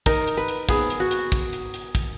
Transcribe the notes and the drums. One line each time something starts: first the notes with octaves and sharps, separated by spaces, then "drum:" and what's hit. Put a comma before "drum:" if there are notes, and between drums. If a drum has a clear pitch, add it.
D#4 A#4, drum: kick, hi-hat
drum: hi-hat
B4
drum: hi-hat
B3 G#4, drum: kick, hi-hat
drum: hi-hat
F#4
drum: hi-hat
drum: kick, hi-hat
drum: hi-hat
drum: hi-hat
drum: kick, hi-hat